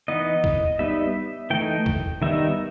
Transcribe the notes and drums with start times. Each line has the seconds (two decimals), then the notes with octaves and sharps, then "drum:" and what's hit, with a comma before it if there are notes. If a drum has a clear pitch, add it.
0.08 E3 B3 D#4 D#5
0.44 drum: kick
0.79 G3 B3 D#4 E5
1.50 E3 A3 D#4 G5
1.86 drum: kick
2.22 D#3 G3 B3 D#4 E5